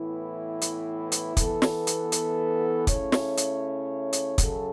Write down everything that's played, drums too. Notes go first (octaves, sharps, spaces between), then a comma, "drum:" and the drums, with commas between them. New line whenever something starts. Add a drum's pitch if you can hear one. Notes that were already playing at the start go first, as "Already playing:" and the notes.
Already playing: A2 E3 B3 E4
drum: hi-hat
drum: hi-hat
E3 B3 A4, drum: kick, hi-hat
drum: snare
drum: hi-hat
drum: hi-hat
C#3 A3 C#4 E4 C#5, drum: kick, hi-hat
drum: snare
drum: hi-hat
drum: hi-hat
F#2 C#3 F#3 C#4 A4, drum: kick, hi-hat